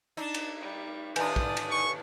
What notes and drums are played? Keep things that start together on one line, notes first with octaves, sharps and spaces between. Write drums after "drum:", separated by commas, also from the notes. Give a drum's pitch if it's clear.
D4 D#4 A5
drum: cymbal
G3
D#2 A2 D4 B4 D5 G#5 D#6 G6, drum: cymbal
drum: kick
drum: cymbal
C#6